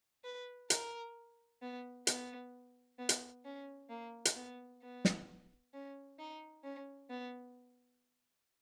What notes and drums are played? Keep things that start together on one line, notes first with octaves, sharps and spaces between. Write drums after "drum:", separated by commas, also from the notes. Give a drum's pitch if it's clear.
B4
A#4, drum: hi-hat
B3
B3, drum: hi-hat
B3
drum: hi-hat
C#4
A#3
drum: hi-hat
B3
B3
drum: snare
C#4
D#4
C#4
B3